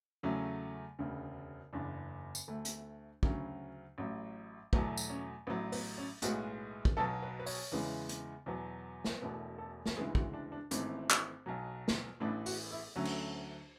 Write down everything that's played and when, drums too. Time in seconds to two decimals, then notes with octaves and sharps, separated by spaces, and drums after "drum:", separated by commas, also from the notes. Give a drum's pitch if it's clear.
0.23 E2 C#3 F#3 A3 C#4
0.99 E1 D2 C#3
1.73 F#1 E2 C#3 D4
2.35 drum: tambourine
2.48 D2 D3 A3
2.65 drum: hi-hat
3.23 D2 C#3 F#3 C#4, drum: kick
3.98 A1 A2 F#3
4.73 E2 B2 F#3 A3 B3, drum: kick
4.97 drum: tambourine
5.10 C#4
5.47 A1 A2 F#3 B3
5.72 B3, drum: open hi-hat
5.98 C#4
6.22 B1 A2 G#3 B3 F#4, drum: hi-hat
6.85 drum: kick
6.97 B1 B2 F#3 B3 A4
7.22 B4
7.39 B4
7.46 C#5, drum: open hi-hat
7.72 E2 C#3 E3 G#3 B3
8.09 drum: hi-hat
8.46 E2 B2 F#3 B3
9.05 drum: snare
9.21 E1 E2 B2 A3 B4
9.58 A4
9.86 drum: snare
9.96 D2 C#3 E3 G#3 B3 G#4
10.15 F#4, drum: kick
10.33 D4
10.52 D4
10.71 G#1 G#2 E3 A3 C#4, drum: hi-hat
11.10 drum: clap
11.46 B1 B2 F#3
11.88 drum: snare
12.20 A1 A2 E3 B3 D4
12.46 F#4, drum: open hi-hat
12.71 E4
12.96 D2 D3 F#3 A3 C#4
13.05 drum: cymbal